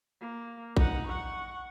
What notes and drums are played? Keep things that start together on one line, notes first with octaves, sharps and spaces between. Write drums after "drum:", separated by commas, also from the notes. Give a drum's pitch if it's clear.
A#3
D#4 F#5, drum: kick A#1
F#5 C#6